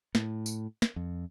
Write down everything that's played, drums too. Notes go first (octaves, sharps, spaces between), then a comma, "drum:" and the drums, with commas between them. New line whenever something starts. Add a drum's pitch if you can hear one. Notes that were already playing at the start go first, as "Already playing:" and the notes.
A2, drum: snare
drum: tambourine
drum: snare
F2